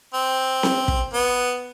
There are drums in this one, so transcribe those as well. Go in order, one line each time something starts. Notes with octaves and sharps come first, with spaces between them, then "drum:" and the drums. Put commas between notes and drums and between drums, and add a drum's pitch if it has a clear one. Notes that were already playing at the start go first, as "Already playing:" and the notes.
C4
drum: snare C4
drum: kick
B3